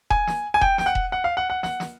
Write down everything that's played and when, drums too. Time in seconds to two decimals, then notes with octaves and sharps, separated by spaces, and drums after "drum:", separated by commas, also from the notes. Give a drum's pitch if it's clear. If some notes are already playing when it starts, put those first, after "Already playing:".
0.10 G#5, drum: kick E1
0.27 drum: snare
0.54 G#5
0.61 G5, drum: kick E1
0.78 G5, drum: snare
0.86 F#5
0.95 drum: kick E1
1.12 F#5
1.24 F5
1.37 F#5
1.50 F#5
1.63 F#5, drum: snare
1.80 drum: snare